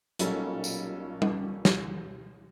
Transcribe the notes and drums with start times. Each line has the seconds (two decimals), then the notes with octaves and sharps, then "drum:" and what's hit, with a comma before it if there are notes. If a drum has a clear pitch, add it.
0.19 B1 A#2 F#3 G3 C#4 A4, drum: hi-hat
0.64 drum: tambourine
1.22 drum: tom G3
1.65 drum: snare